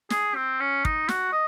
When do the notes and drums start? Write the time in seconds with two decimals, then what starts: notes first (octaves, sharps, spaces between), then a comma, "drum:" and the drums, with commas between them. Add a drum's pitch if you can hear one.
0.10 G#4, drum: snare
0.35 C4
0.60 C#4
0.85 D#4, drum: kick
1.09 F#4, drum: snare
1.32 D#5